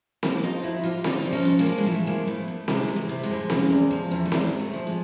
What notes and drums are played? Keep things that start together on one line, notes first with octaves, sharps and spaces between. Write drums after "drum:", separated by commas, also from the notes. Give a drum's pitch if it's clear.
F3 A#3 C4, drum: snare C4
F3 D#4 F4
F2 E4 F#4
F2 F4 G4
D3 D#4 F4, drum: snare C4
F3
C#4 D#4
F2
G#3 A#3
F3
G#3
E3 A3
F2 G#3 A#3
F2 A3 B3
F2 A3
C3 G#3, drum: snare C4
E3
A3
C3
G#3, drum: hi-hat
F2
C#3, drum: snare C4
E2
F3
E2
A3
E2 G#3, drum: snare C4
E2
A3
F3
G#3